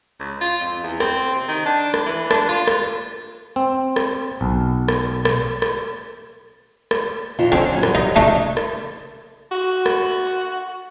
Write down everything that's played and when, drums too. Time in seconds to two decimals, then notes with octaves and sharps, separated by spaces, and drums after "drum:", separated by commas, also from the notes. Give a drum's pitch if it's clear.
0.20 C#2
0.41 F4
0.61 F2
0.83 E2
1.00 C4, drum: rim click
1.35 C3
1.48 D#3
1.66 D4
1.94 drum: rim click
2.06 E3
2.31 D4, drum: rim click
2.49 F4
2.67 drum: rim click
3.56 C4
3.96 drum: rim click
4.41 B1
4.88 drum: rim click
5.25 drum: rim click
5.62 drum: rim click
6.91 drum: rim click
7.39 F2 D#3 F4
7.52 F2 D3 C4 C#4
7.72 F#3 G3 C#4
7.83 drum: rim click
7.95 D#4
8.16 C#3 A3 D4 D#4
8.57 drum: rim click
9.52 F#4
9.86 drum: rim click